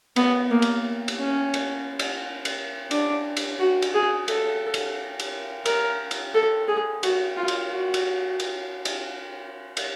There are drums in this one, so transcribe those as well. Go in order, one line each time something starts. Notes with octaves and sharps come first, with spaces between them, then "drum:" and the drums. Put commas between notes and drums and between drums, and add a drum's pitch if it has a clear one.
B3, drum: cymbal
A#3
drum: cymbal
drum: cymbal
C#4
drum: cymbal
drum: cymbal
drum: cymbal
D4, drum: cymbal
drum: cymbal
F#4
drum: cymbal
G#4
A4, drum: cymbal
drum: cymbal
drum: cymbal
A#4, drum: cymbal
drum: cymbal
A4
G#4
F#4, drum: cymbal
F4
drum: cymbal
F#4
drum: cymbal
drum: cymbal
drum: cymbal
drum: cymbal